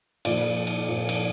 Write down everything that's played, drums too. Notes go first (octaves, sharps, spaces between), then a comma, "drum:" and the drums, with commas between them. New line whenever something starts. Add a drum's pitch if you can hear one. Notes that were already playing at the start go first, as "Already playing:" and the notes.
A#2 F3 D5, drum: cymbal
drum: cymbal
A#2 F3
drum: cymbal